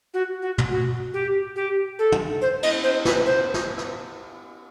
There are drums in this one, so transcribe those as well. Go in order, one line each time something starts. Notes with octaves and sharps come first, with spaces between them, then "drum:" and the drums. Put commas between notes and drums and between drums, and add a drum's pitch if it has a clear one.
F#4
F#4
drum: tom
F#4
G4
G4
A4
drum: tom
C5
D#5, drum: cymbal
C5
B4, drum: snare
C5
drum: snare
drum: rim click